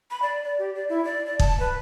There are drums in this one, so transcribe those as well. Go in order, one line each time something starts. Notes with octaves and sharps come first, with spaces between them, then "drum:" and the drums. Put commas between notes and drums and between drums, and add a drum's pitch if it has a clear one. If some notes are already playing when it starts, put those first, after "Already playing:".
B5
D5
D5
G4
D5
E4
D5
D5
A5, drum: kick
B4